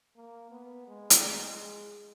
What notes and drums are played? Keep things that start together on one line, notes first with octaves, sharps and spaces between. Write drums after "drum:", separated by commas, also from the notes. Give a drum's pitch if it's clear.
A#3
B3
G#3
drum: hi-hat
G#3